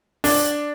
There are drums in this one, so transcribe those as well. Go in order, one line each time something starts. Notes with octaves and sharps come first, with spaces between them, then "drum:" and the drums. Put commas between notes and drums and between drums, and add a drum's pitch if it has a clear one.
D4, drum: open hi-hat